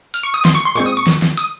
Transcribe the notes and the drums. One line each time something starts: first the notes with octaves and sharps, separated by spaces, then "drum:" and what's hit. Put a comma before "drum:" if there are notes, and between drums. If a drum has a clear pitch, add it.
F6, drum: hi-hat
C#6
D#6
C6, drum: snare
C#6
C6
A#2 G#3 C4 C#6, drum: hi-hat
D#6
C#6
drum: snare
drum: snare
D#6, drum: hi-hat